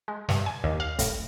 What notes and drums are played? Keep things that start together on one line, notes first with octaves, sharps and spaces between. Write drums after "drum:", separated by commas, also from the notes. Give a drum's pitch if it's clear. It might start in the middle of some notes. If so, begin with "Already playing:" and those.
G#3
G2, drum: snare
G#5
D#2
F5
A2, drum: kick, hi-hat